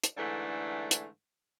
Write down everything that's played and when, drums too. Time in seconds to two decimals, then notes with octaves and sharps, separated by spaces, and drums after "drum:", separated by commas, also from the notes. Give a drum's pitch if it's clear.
0.04 drum: hi-hat
0.17 G#2 D3 E3 A3 D4
0.91 drum: hi-hat